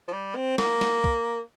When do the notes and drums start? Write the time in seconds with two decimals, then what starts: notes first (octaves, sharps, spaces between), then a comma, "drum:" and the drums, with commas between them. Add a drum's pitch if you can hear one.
0.08 F3
0.13 G3
0.36 C4
0.58 A#3, drum: snare
0.81 drum: snare
1.04 drum: kick